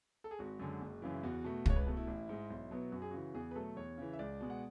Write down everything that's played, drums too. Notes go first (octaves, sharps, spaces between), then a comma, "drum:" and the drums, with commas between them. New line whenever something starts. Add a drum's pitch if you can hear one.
A4
G#4
G#1 F#4
F#2 D3 G#3
F#1
F#2 C#3 E3
E4
E2 F#4
B2 A3
C#2 C#5, drum: kick
B4
B2 A3
E4
A1
G#2 G#3
B1
B2 F#3 B3
F#2 F#4
G#4
C#3 E3 F#4
E2 G#4
B4
B2 F#3 A3 A4
E2 C#5
C#3 E3
E5
C#2 D5
B2 G#3
F#5